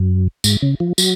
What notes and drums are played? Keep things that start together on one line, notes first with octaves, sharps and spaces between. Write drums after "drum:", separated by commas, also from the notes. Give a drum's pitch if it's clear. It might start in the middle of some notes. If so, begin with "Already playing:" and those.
Already playing: F#2
G#2, drum: tambourine
C#3
F3
F#3, drum: tambourine